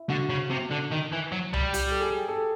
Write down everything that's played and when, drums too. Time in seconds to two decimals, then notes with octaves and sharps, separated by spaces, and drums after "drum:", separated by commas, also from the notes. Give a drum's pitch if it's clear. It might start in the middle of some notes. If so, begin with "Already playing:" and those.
Already playing: E4
0.09 D3 F#4
0.29 C#3
0.50 C3
0.70 D3
0.91 D#3
1.12 E3
1.32 F#3
1.54 G3, drum: tom C2
1.74 G4, drum: hi-hat
1.91 A4
2.01 G#4
2.28 A4